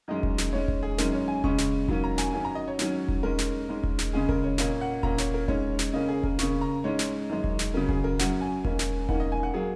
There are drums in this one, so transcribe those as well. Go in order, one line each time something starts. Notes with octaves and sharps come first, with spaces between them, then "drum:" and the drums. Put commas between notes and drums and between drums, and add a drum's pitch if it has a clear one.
F#2 D#3 G#3 C#4 D#5
drum: kick E1
drum: snare
G#2 G#3 C#4 C#5
drum: kick E1
G#4
F#2 D#3 G#3 C#4 A#4, drum: snare
C#5
G#5
C#3 G#3 C#4 C#6, drum: kick E1
drum: snare
G#2 F#3 A#3 C#4, drum: kick E1
A#5
G#5, drum: snare
F#2 D#3 F#3 C#4 G#5
A#5
D#5
C#5
G#2 D#3 F#3 C#4, drum: snare
drum: kick E1
G#2 G#3 C#4 A#4
drum: snare
G#2 G#3 C#4
drum: kick E1
drum: snare
C#3 G#3 C#4 G#4
A#4, drum: kick E1
C#5
A#2 A#3 C#4 D#5, drum: snare
F#5
A#2 A#3 C#4 A#5, drum: kick E1
C#5, drum: snare
A#4
G#2 G#3 C#4 C#5, drum: kick E1
drum: snare
C#3 A#3 C#4 D#5
G#4
A#4, drum: kick E1
C#3 A#3 C#4 C#6, drum: snare
A#5
G#2 G#3 C#4 C#5
drum: snare
F#2 D#3 G#3
drum: kick E1
drum: snare
C#3 F#3 C#4 A#4
G#4, drum: kick E1
A#4
F#2 F#3 C#4 F#5, drum: snare
G#5
G#2 D#3 A#3 C#4, drum: kick E1
drum: snare
G#2 D#3 A#3 C#4 F#5, drum: kick E1
D#5
G#5
F#5
F#3 A#3 G#4